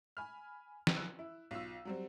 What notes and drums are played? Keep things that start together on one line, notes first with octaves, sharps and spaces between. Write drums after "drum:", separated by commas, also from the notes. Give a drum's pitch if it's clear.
G#5 B5 F6
drum: snare
E6 F#6
E4
B1 F4 E6
F#3 G3 C4